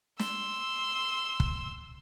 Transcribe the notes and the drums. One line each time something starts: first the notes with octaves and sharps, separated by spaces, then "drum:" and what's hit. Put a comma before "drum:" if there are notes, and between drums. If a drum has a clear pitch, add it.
C6 E6, drum: snare
drum: kick